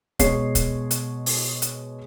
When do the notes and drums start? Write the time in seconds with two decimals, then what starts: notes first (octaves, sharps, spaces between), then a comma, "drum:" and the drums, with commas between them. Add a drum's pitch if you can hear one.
0.19 B2 G#3 C#5 C7, drum: kick, hi-hat
0.55 drum: kick, hi-hat
0.91 drum: hi-hat
1.26 drum: open hi-hat
1.62 drum: hi-hat